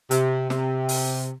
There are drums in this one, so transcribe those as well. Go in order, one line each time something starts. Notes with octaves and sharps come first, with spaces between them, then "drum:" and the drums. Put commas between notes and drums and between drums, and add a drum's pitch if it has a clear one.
C3, drum: hi-hat
C3, drum: snare
drum: open hi-hat